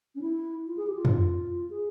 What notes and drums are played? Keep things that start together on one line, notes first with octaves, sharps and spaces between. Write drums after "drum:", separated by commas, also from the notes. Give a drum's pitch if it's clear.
C#4
E4
F4
G#4
G4
F4
drum: tom
G#4